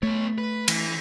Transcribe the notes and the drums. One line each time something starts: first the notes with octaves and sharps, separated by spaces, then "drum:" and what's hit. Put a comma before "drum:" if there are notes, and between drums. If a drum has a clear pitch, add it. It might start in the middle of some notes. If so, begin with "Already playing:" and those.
A3 B3 C#5
B4
E3, drum: cymbal